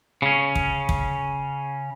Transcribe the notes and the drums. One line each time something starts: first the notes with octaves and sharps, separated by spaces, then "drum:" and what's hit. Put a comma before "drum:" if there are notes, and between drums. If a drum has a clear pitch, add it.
C#3 C#4
drum: kick
drum: kick